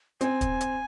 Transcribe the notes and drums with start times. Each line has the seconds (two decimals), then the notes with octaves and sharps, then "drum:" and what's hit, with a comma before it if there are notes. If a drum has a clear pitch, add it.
0.21 C4 G#5, drum: hi-hat
0.41 drum: kick, hi-hat
0.61 drum: hi-hat